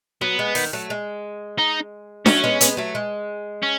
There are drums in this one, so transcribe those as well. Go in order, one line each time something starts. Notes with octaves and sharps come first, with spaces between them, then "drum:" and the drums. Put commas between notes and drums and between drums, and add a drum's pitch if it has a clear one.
F#3 B3
G#3
D#3, drum: open hi-hat
F#3 A3
G#3
D#4
F#3 A3 C#4, drum: snare D4
G#3 B3
G#3 B3, drum: hi-hat
F#3 A3
G#3
C#4